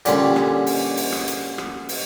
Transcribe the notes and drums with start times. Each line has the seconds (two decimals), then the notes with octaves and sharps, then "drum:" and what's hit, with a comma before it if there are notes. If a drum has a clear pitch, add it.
0.05 A#2 D3 G3 C#4, drum: hi-hat
0.36 drum: rim click
0.66 drum: open hi-hat
0.97 drum: open hi-hat
1.12 drum: rim click
1.28 drum: hi-hat
1.58 drum: rim click
1.89 drum: open hi-hat